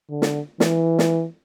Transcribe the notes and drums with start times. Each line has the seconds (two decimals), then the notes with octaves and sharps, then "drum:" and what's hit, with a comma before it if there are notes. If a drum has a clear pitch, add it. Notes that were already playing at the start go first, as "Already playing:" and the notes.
0.10 D3
0.22 drum: snare
0.60 E3, drum: snare
0.99 drum: snare